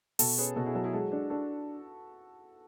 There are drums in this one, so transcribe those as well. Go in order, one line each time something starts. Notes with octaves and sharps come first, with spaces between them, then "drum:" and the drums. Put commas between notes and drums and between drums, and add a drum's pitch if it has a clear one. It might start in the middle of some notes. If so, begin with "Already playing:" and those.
B2 F#4 A4, drum: open hi-hat
C#4 G#4 B4
B2 F#4 A4
E4 G#4
F#3 F#4 A4
E4 G#4
G#3 F#4 A4
D4
D4 F#4 A4